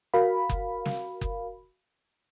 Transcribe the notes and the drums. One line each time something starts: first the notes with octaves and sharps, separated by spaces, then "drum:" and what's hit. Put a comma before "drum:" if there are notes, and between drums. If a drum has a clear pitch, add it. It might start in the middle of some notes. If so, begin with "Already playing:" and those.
F#4 A#4 F5 B5
drum: kick F#1
drum: snare
drum: kick F#1